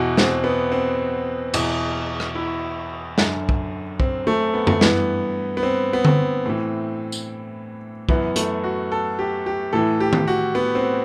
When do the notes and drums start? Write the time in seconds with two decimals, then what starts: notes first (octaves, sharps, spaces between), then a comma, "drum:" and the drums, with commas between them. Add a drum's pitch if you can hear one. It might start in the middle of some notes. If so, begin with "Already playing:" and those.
Already playing: E2 B2 F#4
0.17 C4, drum: snare
0.44 B3
0.72 C4
1.54 E2 B2, drum: cymbal
2.20 drum: rim click
2.35 E4
3.18 F#2 D3, drum: snare
3.49 drum: kick
4.00 C4, drum: kick
4.27 A3
4.54 B3
4.67 A3, drum: tom F#2
4.81 G2 E3 B3, drum: snare
5.57 B3
5.63 C4
5.93 B3
6.05 C4, drum: tom D3
6.46 A2 E3
7.12 drum: tambourine
8.09 F#2 E3 B3, drum: kick
8.36 A3, drum: hi-hat
8.64 F#4
8.92 A4
9.19 G4
9.46 G4
9.73 A2 E3 A4
10.00 G4
10.13 drum: tom D#3
10.28 F#4
10.55 B3
10.75 C4